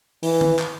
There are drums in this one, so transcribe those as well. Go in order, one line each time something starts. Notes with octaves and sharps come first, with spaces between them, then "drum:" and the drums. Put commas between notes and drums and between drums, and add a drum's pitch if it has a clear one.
E3, drum: open hi-hat
drum: tom D#3
drum: clap